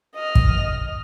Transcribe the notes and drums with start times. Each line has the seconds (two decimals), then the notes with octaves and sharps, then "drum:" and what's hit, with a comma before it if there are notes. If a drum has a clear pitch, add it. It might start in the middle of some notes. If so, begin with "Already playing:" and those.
0.16 D#5 F6
0.35 drum: kick